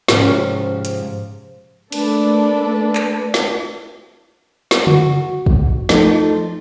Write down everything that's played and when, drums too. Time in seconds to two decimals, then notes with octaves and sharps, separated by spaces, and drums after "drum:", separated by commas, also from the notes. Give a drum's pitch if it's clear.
0.08 G#2 C3 F3 C#4, drum: snare
0.85 drum: hi-hat
1.92 A3 A#3 D4 A4 B4, drum: cymbal
2.95 drum: clap
3.34 drum: snare
4.71 drum: snare
4.87 F#4, drum: tom C#3
5.46 drum: kick
5.89 F3 A3 D#4, drum: snare